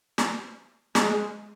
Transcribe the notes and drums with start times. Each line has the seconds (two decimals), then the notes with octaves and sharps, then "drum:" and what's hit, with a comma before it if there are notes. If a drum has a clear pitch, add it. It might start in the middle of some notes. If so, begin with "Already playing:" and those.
0.18 drum: snare
0.95 G#3, drum: snare